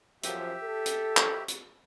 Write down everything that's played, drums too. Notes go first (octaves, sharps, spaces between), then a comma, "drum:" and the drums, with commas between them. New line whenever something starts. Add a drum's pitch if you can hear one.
F#2 F3 G4 E5, drum: hi-hat
A4
drum: hi-hat
drum: clap
drum: hi-hat